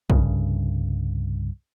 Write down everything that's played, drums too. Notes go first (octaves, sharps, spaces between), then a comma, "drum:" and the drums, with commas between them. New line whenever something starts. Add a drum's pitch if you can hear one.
C2 G2 C#3, drum: kick